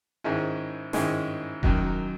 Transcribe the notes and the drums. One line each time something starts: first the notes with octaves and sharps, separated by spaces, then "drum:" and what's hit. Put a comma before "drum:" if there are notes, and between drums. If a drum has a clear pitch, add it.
G#2 D#3 G#3 C#4 E4
G#2 D#3 G#3 C#4 E4, drum: snare
F#2 D#3 F#3, drum: kick E1